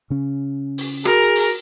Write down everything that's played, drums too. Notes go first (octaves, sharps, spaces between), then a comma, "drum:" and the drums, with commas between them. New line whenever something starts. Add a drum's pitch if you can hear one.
C#3 C#4
drum: open hi-hat
F#4 G#4 A#4, drum: rim click
drum: open hi-hat